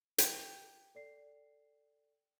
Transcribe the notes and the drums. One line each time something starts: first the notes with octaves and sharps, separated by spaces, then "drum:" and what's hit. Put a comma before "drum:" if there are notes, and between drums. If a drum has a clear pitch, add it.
G4, drum: hi-hat
A4 D5 C7